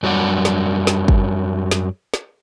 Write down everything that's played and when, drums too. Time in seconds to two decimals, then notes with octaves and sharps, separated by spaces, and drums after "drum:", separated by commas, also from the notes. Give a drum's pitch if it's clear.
0.03 F#2 F#3 G3 D4 G4 F#5
0.45 drum: snare
0.87 drum: snare
1.08 drum: kick
1.71 drum: snare
2.14 drum: snare